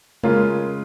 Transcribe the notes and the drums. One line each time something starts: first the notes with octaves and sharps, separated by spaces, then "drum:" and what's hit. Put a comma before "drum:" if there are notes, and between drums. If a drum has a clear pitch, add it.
C#3 G#3 A#3 C#4 F4, drum: tom G#3